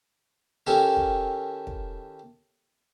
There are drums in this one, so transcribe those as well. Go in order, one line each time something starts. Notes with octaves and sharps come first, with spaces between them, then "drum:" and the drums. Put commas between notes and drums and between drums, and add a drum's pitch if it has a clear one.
D#3 C#4 E4 G4 A4 A#4
drum: kick
drum: kick